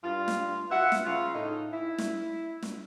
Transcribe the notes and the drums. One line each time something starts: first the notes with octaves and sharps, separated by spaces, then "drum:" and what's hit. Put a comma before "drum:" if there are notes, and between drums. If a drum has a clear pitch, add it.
G2 F4
drum: snare
F4 B4 E5 F#5
drum: snare
C#3 F4
A2 D#4
E4
drum: snare
drum: snare